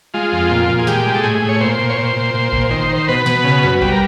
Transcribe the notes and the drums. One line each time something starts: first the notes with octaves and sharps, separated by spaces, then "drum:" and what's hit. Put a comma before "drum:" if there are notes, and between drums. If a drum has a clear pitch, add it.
G#3 F4
F2
A#2
A#2
G#4
G#3 G4, drum: snare
G#3
A4
A2 G#4
A2
C#5
A#2 C5
A#2
C#5
A#2 C5
A#2
A#2
A#2, drum: kick G#1
D#3 C5
D#3
C5
B2 B4
B2, drum: snare
C#3
F#2
G3 B4, drum: kick G#1
A#4